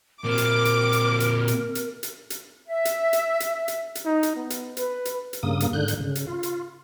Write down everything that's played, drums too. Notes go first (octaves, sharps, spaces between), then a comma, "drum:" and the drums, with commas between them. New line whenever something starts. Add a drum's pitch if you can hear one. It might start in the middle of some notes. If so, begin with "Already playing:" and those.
A#2 C4 A#4 D6
drum: hi-hat
drum: hi-hat
drum: hi-hat
drum: hi-hat
drum: hi-hat
drum: hi-hat
drum: hi-hat
drum: hi-hat
E5
drum: hi-hat
drum: hi-hat
drum: hi-hat
drum: hi-hat
drum: hi-hat
D#4
drum: hi-hat
B3
drum: hi-hat
B4, drum: hi-hat
drum: hi-hat
drum: hi-hat
G2 C#3 A#3 D#6
drum: hi-hat
G#2 D3 F#6 G6
drum: hi-hat
C#3
drum: hi-hat
F4
drum: hi-hat